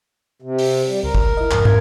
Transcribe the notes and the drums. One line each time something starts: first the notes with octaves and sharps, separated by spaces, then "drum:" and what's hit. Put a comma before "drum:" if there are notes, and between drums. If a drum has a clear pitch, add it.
C3
drum: open hi-hat
G3
C#2 A#4
drum: kick G1
E4 D#5
C2 F2 G#2, drum: clap
F2 F5 G#6, drum: tom